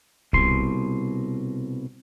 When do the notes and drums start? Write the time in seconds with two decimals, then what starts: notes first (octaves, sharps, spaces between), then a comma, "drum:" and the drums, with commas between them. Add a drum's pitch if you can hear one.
0.33 C2 B2 C6, drum: kick B1